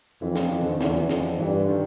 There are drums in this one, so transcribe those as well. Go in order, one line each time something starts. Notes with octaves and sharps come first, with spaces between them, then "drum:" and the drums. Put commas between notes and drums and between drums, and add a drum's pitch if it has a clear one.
F2 E3
F3, drum: snare
E3
D3
D#3
E2 E3, drum: snare
F3
E3
F2, drum: snare
G2 E3
D3
D#3